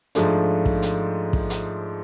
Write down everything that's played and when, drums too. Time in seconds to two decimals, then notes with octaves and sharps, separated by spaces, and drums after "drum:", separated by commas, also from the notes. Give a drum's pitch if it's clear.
0.15 G#2 F3 A3 D4, drum: hi-hat
0.66 drum: kick
0.82 drum: hi-hat
1.33 drum: kick
1.50 drum: hi-hat